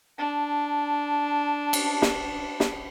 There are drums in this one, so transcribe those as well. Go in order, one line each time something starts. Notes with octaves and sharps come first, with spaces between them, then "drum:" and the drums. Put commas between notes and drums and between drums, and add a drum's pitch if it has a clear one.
D4 A5
drum: cymbal
drum: snare
drum: snare